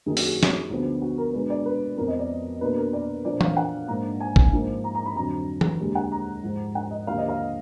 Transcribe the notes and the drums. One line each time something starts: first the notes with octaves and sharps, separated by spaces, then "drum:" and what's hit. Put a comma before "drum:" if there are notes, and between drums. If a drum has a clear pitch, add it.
F#2 D#3 A#3 D#4 G#4
F#4, drum: open hi-hat
G#4
drum: snare
D2 D3 F3 B3
F#4
A#4
B2 G#3 D4 B4
D5
B4
F2 F3 B3 A#4
D#5
D5
B2 A#3 D4 B4
A#4
D5
A#2 F3 A#3 D4 D5
F5, drum: tom E3
F#5
G#2 F3 A#3 D4 A#5
G#5
drum: kick
G#2 F3 A#3 D#4
A#5
A#5
B5
F2 D3 F#3 A#5
drum: tom E3
D#2 D3 G#3
F#5
A#5
G#2 F3 G#3
F#5
D#5
D#2 D3 F3 A#3 F5
D#5
F5